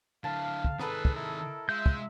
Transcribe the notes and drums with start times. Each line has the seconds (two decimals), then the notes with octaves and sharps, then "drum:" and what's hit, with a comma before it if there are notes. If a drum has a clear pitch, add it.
0.24 D3 E4 F5 A5
0.64 drum: kick
0.80 D#3 G#4 A4 B4 D#5 A#5, drum: rim click
1.05 drum: kick
1.15 E4 A4 A#4
1.69 G#3 F4 E5 G6
1.86 drum: kick